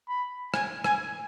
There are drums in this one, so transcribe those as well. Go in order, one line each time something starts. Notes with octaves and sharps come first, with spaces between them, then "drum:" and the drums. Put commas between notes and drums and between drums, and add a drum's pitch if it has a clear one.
B5
G#5, drum: rim click
G#5, drum: rim click